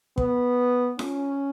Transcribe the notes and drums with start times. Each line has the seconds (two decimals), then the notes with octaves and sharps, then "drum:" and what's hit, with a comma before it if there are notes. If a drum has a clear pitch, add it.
0.18 B3, drum: kick
0.99 C#4, drum: snare F4